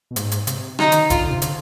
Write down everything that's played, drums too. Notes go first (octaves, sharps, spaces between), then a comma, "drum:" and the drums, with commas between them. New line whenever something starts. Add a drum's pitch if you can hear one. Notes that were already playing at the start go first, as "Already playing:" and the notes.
B2
G#2, drum: hi-hat
drum: hi-hat
C3, drum: hi-hat
D3 D#4, drum: rim click
D#3, drum: hi-hat
D3
F4, drum: kick F1, hi-hat
C3
D3, drum: hi-hat